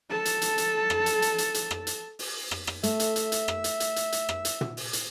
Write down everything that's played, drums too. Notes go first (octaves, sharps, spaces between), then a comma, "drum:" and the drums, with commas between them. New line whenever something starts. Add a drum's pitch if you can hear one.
A4 A5
drum: hi-hat
drum: hi-hat
drum: hi-hat
drum: rim click
drum: hi-hat
drum: hi-hat
drum: hi-hat
drum: hi-hat
drum: rim click
drum: hi-hat
drum: open hi-hat
drum: rim click
drum: rim click
A3 E5, drum: hi-hat
drum: hi-hat
drum: hi-hat
drum: hi-hat
drum: rim click
drum: hi-hat
drum: hi-hat
drum: hi-hat
drum: hi-hat
drum: rim click
drum: hi-hat
drum: tom
drum: open hi-hat
drum: hi-hat